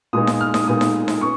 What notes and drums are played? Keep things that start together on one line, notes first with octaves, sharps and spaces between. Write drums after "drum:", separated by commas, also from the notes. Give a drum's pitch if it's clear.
A#2 G#3 B3 D#4 D#6
D#6, drum: snare D#4
F6
D#6, drum: snare D#4
A#2 G#3 B3 D#4 D#6
drum: snare D#4
drum: snare D#4
C#4 C#6